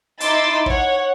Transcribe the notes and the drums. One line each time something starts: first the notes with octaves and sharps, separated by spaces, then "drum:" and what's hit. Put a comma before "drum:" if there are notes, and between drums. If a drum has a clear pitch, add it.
D#4 E4 C6 D6 E6 A6, drum: hi-hat
C#5 F#5, drum: kick